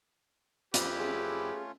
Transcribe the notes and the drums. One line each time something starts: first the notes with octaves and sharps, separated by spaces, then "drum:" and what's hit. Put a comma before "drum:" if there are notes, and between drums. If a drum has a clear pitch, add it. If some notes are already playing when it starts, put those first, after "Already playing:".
F2 E4 G4 B4, drum: hi-hat
A3 C#4 F4 G#4